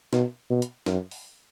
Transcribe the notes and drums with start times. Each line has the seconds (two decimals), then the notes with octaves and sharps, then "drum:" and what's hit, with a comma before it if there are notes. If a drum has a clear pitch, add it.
0.13 B2, drum: snare
0.50 B2
0.62 drum: hi-hat
0.86 F#2, drum: snare
1.11 drum: open hi-hat